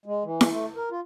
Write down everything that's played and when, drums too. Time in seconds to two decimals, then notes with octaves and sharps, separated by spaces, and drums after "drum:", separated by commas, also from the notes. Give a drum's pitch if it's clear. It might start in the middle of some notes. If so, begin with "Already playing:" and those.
0.06 G#3
0.24 E3
0.41 drum: snare E4
0.50 A3
0.76 A#4
0.91 F4